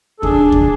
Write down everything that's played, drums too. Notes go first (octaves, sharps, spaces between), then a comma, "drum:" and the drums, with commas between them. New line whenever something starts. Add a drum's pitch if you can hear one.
A4
D4 G#4, drum: kick D#2
drum: kick D#2